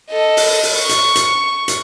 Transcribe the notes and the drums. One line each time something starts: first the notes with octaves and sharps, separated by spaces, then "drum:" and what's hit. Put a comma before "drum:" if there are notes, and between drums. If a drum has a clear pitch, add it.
A4 D#5
drum: open hi-hat
drum: open hi-hat
C#6
drum: hi-hat
drum: hi-hat
drum: hi-hat